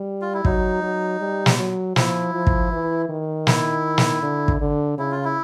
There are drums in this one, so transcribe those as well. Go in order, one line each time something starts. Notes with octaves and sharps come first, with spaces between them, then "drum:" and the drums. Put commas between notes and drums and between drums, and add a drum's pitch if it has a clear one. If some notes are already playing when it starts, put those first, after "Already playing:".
Already playing: G3
F4
E4
F#3 D#4, drum: kick
F#3
G3
drum: snare
F#3
F3 E4, drum: snare
F3
drum: kick
E3
D#3
E4, drum: snare
drum: snare
D3
drum: kick
D3
C#3 E4
F4
E4